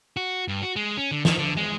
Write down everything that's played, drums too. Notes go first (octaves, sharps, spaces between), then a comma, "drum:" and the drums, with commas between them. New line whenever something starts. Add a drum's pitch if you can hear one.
F#4
G2
F#4
G#3
C#4
D3
D#3, drum: snare
D3
G#3